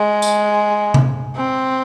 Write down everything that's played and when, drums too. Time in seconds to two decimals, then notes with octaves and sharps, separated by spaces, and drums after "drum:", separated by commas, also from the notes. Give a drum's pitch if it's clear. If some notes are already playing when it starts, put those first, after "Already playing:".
Already playing: G#3
0.22 drum: tambourine
0.94 drum: tom C3
1.37 C4